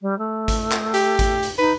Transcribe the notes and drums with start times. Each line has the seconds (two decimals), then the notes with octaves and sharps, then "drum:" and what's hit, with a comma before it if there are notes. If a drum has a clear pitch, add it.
0.01 G3
0.18 A3
0.48 drum: kick G#1, hi-hat
0.72 drum: clap
0.94 G4, drum: hi-hat
1.19 drum: kick G#1, hi-hat
1.43 drum: hi-hat
1.59 D#4 B4